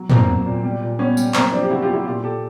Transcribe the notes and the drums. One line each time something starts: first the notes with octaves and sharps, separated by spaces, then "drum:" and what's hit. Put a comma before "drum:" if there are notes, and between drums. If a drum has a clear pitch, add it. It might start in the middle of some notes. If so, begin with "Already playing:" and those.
Already playing: F#3
A#2 A#3 C4, drum: tom
F#3
A#2
G3
A#2
G3 B3 C#4
G3, drum: tambourine
F#2 A#3 C4, drum: clap
F3 C4 D4
G4
C#3 E4 F#4
F4 G4
F#2
E4 F#4
A#2 F4 G4
A#2 G4 A4